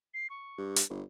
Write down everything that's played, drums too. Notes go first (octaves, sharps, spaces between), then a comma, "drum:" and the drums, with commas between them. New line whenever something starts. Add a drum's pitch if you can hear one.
C7
C#6
G2
drum: hi-hat
G1